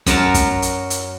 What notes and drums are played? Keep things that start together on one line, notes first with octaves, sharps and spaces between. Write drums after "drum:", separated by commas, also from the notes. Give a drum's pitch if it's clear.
F#2 F#3 A#4 A5, drum: kick, hi-hat
drum: kick, hi-hat
drum: hi-hat
drum: hi-hat